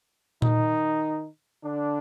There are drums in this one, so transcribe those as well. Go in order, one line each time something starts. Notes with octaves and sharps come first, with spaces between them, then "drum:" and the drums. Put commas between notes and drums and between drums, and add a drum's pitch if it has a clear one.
D#3 D#4, drum: tom A#2
D3 D4